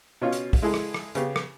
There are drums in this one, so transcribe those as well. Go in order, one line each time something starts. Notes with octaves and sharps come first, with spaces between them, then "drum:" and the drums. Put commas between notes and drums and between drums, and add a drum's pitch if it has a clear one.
B2 C#4 F4
drum: hi-hat
drum: kick, open hi-hat
G#3 E4 G#4 A4
drum: rim click
drum: rim click
C#3 B3 G4, drum: hi-hat
drum: rim click